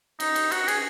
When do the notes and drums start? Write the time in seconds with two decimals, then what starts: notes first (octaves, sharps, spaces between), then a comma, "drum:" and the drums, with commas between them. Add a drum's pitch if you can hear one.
0.20 D#4, drum: cymbal
0.35 drum: cymbal
0.51 F#4, drum: cymbal
0.68 G#4, drum: cymbal